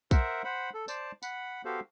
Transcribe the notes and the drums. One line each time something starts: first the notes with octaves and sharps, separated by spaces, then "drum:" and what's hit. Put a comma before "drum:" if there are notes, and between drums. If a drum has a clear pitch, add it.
A#4 C5 E5 F#5, drum: kick A#1, tambourine
C5 F#5 B5
A4
C5 D5 A5, drum: tambourine
F#5 B5, drum: tambourine
B3 F#4 G4 A4 C5 F5